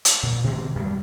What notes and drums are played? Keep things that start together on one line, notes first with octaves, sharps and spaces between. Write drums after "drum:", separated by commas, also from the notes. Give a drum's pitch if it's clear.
drum: hi-hat
A#2
B2 D#3 G#3 C4
F#2 G3